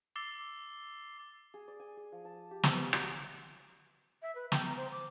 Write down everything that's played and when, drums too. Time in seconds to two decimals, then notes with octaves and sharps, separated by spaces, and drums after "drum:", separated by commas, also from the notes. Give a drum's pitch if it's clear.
0.16 D6 E6 A6 C7 G7
1.54 G#4
1.68 D5
1.80 G#5
1.97 G#4
2.12 F3
2.25 A5
2.51 G4
2.63 C4, drum: snare
2.78 C#5
2.93 F#3, drum: rim click
4.22 E5
4.35 B4
4.52 G5, drum: snare
4.66 A#5
4.77 C5
4.92 D6